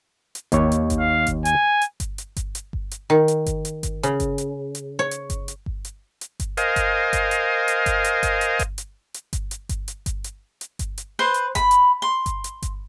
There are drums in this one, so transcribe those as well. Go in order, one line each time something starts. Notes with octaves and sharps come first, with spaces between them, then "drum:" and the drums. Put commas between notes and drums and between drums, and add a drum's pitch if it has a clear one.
drum: hi-hat
D#2 C#5, drum: kick G1, hi-hat
drum: hi-hat
drum: kick G1, hi-hat
F5
drum: kick G1, hi-hat
G#5, drum: hi-hat
drum: hi-hat
drum: kick G1, hi-hat
drum: hi-hat
drum: kick G1, hi-hat
drum: hi-hat
drum: kick G1
drum: hi-hat
D#3
drum: hi-hat
drum: kick G1, hi-hat
drum: hi-hat
drum: kick G1, hi-hat
C#3, drum: hi-hat
drum: kick G1, hi-hat
drum: hi-hat
drum: hi-hat
C#5
drum: hi-hat
drum: kick G1, hi-hat
drum: hi-hat
drum: kick G1
drum: hi-hat
drum: hi-hat
drum: kick G1, hi-hat
A#4 C5 D#5 F5 G#5, drum: hi-hat
drum: kick G1, hi-hat
drum: kick G1, hi-hat
drum: hi-hat
drum: hi-hat
drum: kick G1, hi-hat
drum: hi-hat
drum: kick G1, hi-hat
drum: hi-hat
drum: kick G1, hi-hat
drum: hi-hat
drum: hi-hat
drum: kick G1, hi-hat
drum: hi-hat
drum: kick G1, hi-hat
drum: hi-hat
drum: kick G1, hi-hat
drum: hi-hat
drum: hi-hat
drum: kick G1, hi-hat
drum: hi-hat
B4 C5 C6
drum: hi-hat
B5, drum: kick G1, hi-hat
drum: hi-hat
C6
drum: kick G1, hi-hat
drum: hi-hat
drum: kick G1, hi-hat